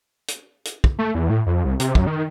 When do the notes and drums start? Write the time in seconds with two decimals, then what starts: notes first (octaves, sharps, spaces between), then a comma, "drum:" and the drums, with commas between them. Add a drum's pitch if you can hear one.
0.28 drum: hi-hat
0.65 drum: hi-hat
0.84 drum: kick
0.99 A3
1.15 E2
1.30 A2
1.46 F2
1.65 C2
1.80 C3, drum: hi-hat
1.95 F#2, drum: kick
2.07 D#3